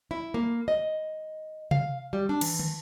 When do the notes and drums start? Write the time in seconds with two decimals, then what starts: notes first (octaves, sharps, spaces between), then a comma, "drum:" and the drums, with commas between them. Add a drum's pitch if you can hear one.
0.11 E4
0.34 A#3
0.68 D#5
1.71 F5, drum: tom C3
2.13 G3
2.29 D4
2.41 E3, drum: cymbal
2.59 drum: tom